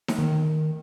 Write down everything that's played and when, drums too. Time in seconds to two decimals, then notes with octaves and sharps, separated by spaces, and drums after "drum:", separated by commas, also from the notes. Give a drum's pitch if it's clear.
0.08 drum: snare D#4
0.19 D#3